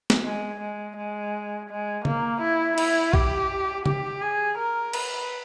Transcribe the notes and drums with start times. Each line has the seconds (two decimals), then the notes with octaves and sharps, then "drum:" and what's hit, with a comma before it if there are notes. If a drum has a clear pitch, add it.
0.10 drum: snare
0.25 G#3
0.60 G#3
0.97 G#3
1.70 G#3
2.05 A#3, drum: tom C#3
2.41 E4
2.78 E4, drum: cymbal
3.13 G4, drum: kick
3.86 G4, drum: tom C#3
4.22 G#4
4.58 A#4
4.93 B4, drum: cymbal